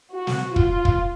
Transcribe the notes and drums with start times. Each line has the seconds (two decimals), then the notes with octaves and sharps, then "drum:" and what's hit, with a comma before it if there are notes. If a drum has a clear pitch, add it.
0.13 F#4
0.27 drum: snare
0.56 F4, drum: kick
0.85 drum: kick